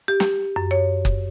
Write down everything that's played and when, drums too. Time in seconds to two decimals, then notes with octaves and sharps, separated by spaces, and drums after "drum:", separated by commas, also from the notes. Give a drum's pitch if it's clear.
0.08 G4
0.20 drum: snare
0.56 F#2
0.71 C#5
1.05 drum: kick F#1